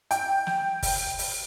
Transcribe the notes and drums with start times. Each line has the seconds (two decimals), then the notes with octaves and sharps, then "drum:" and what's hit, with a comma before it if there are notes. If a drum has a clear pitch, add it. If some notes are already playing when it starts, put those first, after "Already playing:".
0.11 G5, drum: hi-hat
0.47 drum: snare
0.83 drum: kick F#1, open hi-hat
1.19 drum: open hi-hat